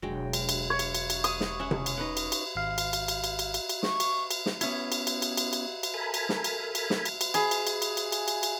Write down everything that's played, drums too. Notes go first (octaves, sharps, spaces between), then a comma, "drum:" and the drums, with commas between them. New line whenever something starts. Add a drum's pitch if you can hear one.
E1 F#3 G#3 D4 G5
drum: cymbal
drum: cymbal
C#5
drum: cymbal
drum: cymbal
drum: cymbal
D#6, drum: cymbal
drum: snare
C#4 E5 F#5
drum: tom C3
drum: cymbal
D#4 B4 F#5
drum: cymbal
drum: cymbal
G#1 F5
drum: cymbal
drum: cymbal
drum: cymbal
drum: cymbal
drum: cymbal
drum: cymbal
drum: cymbal
C#6, drum: snare
drum: cymbal
drum: cymbal
drum: snare
B3 C#4 E4, drum: cymbal
drum: cymbal
drum: cymbal
drum: cymbal
drum: cymbal
drum: cymbal
drum: cymbal
A4 A#4 G#5 B5
drum: cymbal
drum: snare
drum: cymbal
drum: cymbal
drum: snare
drum: cymbal
drum: cymbal
G#4 B5, drum: cymbal
drum: cymbal
drum: cymbal
drum: cymbal
drum: cymbal
drum: cymbal
drum: cymbal
drum: cymbal